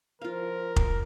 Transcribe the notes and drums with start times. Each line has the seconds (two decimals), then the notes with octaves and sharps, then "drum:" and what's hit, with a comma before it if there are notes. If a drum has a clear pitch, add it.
0.21 F3 F4 A#4 F5
0.76 drum: kick F1